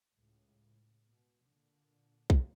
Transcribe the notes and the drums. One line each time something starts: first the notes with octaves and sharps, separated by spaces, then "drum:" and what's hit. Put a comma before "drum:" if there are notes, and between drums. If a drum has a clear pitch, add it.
C#2 A2
B2
A#2 D3
drum: kick